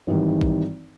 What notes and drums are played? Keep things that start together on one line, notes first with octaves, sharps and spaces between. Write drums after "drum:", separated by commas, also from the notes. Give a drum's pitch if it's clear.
G#1 D#3 E3 G3
drum: kick A#1